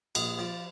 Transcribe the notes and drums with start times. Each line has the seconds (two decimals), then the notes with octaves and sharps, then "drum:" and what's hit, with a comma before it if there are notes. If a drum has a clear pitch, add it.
0.15 A#1 D#5, drum: cymbal
0.38 F3 D5